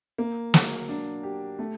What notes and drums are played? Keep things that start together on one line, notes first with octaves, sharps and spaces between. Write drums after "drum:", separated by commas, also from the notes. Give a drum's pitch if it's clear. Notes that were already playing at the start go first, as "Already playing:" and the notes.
A#3
F#3, drum: snare
D4
G4
A3